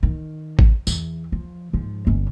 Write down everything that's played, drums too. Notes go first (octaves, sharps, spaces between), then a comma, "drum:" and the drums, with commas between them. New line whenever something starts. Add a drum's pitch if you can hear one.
D#3
drum: kick G#1
E2, drum: tambourine
F3
G#2 F3
G1 C#4